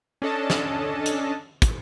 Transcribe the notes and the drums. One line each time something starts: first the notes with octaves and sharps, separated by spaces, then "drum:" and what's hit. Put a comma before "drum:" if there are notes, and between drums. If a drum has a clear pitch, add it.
C#4 D4 A4 D#5 A5
drum: snare
drum: hi-hat
drum: kick, hi-hat